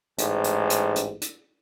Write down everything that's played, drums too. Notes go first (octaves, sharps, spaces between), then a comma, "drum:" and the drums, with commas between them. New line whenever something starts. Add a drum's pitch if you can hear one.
A1 G#2, drum: hi-hat
drum: hi-hat
drum: hi-hat
drum: hi-hat
drum: hi-hat